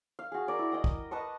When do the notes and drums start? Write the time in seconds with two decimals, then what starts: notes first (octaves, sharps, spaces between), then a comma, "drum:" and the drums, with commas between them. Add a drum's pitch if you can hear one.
0.19 F5
0.32 F#4 G#4
0.47 A#4 D5 G#5
0.59 E4
0.72 D#5 G5 D#6
0.84 drum: kick
1.11 B4 D#5 A5 C#6